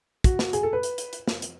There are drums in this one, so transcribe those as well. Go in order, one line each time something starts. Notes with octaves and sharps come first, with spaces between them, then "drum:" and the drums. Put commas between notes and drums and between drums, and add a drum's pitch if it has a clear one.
F#4, drum: kick, hi-hat
drum: snare
G#4, drum: hi-hat
A4
B4
drum: hi-hat
drum: hi-hat
drum: hi-hat
drum: snare
drum: hi-hat